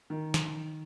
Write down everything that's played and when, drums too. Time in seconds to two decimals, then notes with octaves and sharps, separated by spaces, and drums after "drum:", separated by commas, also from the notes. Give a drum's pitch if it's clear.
0.10 D#3
0.34 drum: snare